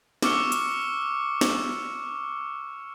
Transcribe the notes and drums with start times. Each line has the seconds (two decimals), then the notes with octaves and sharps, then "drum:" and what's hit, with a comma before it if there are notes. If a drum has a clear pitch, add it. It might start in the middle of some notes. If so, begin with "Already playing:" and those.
0.22 C#6 D6 E6 F6 C#7 G7, drum: snare
0.52 drum: hi-hat
1.41 drum: snare